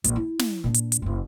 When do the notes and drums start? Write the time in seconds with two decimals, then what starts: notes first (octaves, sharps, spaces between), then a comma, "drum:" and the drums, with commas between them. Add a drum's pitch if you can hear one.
0.04 A#1, drum: hi-hat
0.16 E4
0.39 drum: snare
0.64 A#2 D4
0.74 drum: hi-hat
0.92 drum: hi-hat
1.02 F#1 C#3